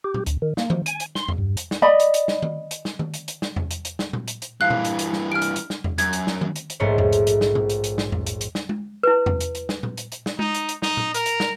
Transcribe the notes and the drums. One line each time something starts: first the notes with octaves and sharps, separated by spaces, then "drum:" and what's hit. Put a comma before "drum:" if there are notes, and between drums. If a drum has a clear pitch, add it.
G4
drum: tom A#2
D2, drum: hi-hat
D#3
A#3, drum: snare
F3, drum: tom D#3
G#5, drum: hi-hat
drum: hi-hat
C6, drum: snare
drum: tom E2
G2
drum: hi-hat
drum: snare
D5 D#5 B5
drum: hi-hat
drum: hi-hat
drum: snare
drum: tom D#3
drum: hi-hat
drum: snare
drum: tom D#3
drum: hi-hat
drum: hi-hat
drum: snare
drum: tom E2
drum: hi-hat
drum: hi-hat
drum: snare
drum: tom A#2
drum: hi-hat
drum: hi-hat
G2 E3 F5 F#6
drum: tom A#2
drum: hi-hat
drum: hi-hat
drum: snare
F6 D7
drum: hi-hat
drum: hi-hat
drum: snare
drum: tom E2
F#2 G#6, drum: hi-hat
drum: hi-hat
drum: snare
drum: tom D#3
drum: hi-hat
drum: hi-hat
A#1 G#2 A3 C5 C#5
drum: tom E2
drum: hi-hat
drum: hi-hat
drum: snare
drum: tom A#2
drum: hi-hat
drum: hi-hat
drum: snare
drum: tom E2
drum: hi-hat
drum: hi-hat
drum: snare
drum: tom G#3
E4 B4
drum: tom E2
drum: hi-hat
drum: hi-hat
drum: snare
drum: tom A#2
drum: hi-hat
drum: hi-hat
drum: snare
D#4, drum: tom G#3
drum: hi-hat
drum: hi-hat
D#4, drum: snare
drum: tom A#2
A#4, drum: hi-hat
drum: hi-hat
drum: snare